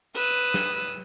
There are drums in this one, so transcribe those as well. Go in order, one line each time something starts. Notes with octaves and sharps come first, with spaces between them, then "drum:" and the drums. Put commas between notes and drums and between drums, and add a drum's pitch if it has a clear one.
B4 D#6 E6, drum: hi-hat
drum: snare